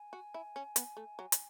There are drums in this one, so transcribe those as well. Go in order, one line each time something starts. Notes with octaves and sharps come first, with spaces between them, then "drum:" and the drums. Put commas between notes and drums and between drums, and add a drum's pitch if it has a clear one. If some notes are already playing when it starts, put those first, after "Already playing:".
Already playing: G#5
F#4
E4
C#4
B3, drum: hi-hat
A3
F#3
drum: hi-hat